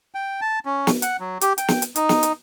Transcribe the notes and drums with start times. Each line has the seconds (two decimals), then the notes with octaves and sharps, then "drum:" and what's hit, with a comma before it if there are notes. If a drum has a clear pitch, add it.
0.15 G5
0.41 A5
0.65 C#4
0.87 drum: snare
1.02 F#5, drum: hi-hat
1.20 F#3
1.41 G4, drum: hi-hat
1.58 G5, drum: hi-hat
1.68 drum: snare
1.82 drum: hi-hat
1.96 D#4, drum: hi-hat
2.09 drum: snare
2.23 drum: hi-hat